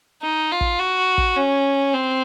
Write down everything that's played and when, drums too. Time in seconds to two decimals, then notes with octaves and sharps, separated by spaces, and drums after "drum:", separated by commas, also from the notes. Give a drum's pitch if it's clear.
0.23 D#4
0.51 F4
0.61 drum: kick
0.79 F#4
1.18 drum: kick
1.36 C#4
1.94 C4